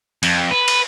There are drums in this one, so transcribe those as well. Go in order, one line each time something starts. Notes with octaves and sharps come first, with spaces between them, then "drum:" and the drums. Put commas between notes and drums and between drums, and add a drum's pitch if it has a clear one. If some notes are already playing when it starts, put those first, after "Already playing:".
F2, drum: cymbal
B4
drum: cymbal